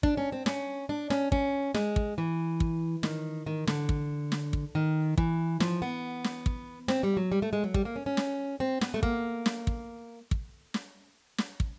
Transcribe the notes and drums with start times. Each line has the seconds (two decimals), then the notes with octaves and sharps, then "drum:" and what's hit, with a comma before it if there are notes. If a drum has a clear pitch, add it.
0.03 D4, drum: kick
0.17 C#4
0.32 C4
0.46 C#4, drum: snare
0.89 D4
1.10 C#4, drum: snare
1.32 C#4, drum: kick
1.74 G#3, drum: snare
1.96 drum: kick
2.18 E3
2.60 drum: kick
3.03 D#3, drum: snare
3.46 D#3
3.67 D3, drum: snare
3.89 drum: kick
4.32 drum: snare
4.53 drum: kick
4.75 D#3
5.18 E3, drum: kick
5.60 F3, drum: snare
5.82 B3
6.24 drum: snare
6.46 drum: kick
6.88 C4, drum: snare
7.03 G3
7.17 F#3
7.32 G3
7.42 A3
7.53 G#3
7.64 F#3
7.74 G3, drum: kick
7.85 A#3
7.96 C#4
8.06 C#4
8.17 drum: snare
8.60 C4
8.81 B3, drum: snare
8.94 A3
9.03 A#3, drum: kick
9.46 drum: snare
9.67 drum: kick
10.31 drum: kick
10.74 drum: snare
11.38 drum: snare
11.60 drum: kick